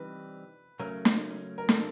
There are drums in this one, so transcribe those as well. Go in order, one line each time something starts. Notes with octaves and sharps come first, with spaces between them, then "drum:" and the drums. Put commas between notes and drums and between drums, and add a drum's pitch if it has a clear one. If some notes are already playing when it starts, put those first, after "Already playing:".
Already playing: E3 G3 C4 D#4 B4
C#3 F#3 A3 C#4 A#4
drum: snare
A#4
A4, drum: snare